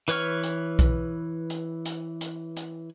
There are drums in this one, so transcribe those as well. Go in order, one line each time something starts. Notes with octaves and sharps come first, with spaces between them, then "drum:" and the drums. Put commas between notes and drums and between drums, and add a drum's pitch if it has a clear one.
E3 B4 C#5 C#6 F6, drum: hi-hat
drum: hi-hat
drum: kick B1, hi-hat
drum: hi-hat
drum: hi-hat
drum: hi-hat
drum: hi-hat